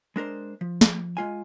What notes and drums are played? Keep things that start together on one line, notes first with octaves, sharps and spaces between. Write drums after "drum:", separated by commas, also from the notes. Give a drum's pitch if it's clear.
G#3 D4 A#4 C5
F3
drum: snare
G#3 F4 G#5